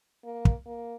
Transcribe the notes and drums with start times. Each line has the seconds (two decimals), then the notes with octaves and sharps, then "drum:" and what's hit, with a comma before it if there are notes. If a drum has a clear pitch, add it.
0.24 A#3
0.45 drum: kick
0.66 A#3